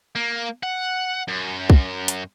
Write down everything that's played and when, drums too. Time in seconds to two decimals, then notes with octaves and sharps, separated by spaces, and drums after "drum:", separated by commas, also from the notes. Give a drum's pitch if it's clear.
0.15 A#3
0.63 F#5
1.28 F#2
1.70 drum: kick
2.08 drum: hi-hat